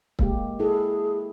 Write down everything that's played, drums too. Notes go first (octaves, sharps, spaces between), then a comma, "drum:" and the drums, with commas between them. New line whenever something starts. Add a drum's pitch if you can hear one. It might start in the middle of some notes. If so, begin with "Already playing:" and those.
G#3 A#3 G4, drum: kick
E4 G#4 A4